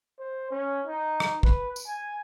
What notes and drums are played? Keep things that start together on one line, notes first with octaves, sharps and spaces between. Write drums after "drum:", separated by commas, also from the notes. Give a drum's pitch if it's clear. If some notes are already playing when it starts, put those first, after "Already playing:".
C5
C#4
D#4
drum: rim click
B4, drum: kick
drum: tambourine
G#5